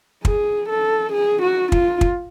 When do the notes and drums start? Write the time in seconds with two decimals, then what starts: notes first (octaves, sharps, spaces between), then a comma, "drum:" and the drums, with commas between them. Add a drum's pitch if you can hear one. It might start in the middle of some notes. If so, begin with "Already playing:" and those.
0.25 G#4, drum: kick
0.69 A4
1.13 G#4
1.43 F#4
1.72 F4, drum: kick
2.01 drum: kick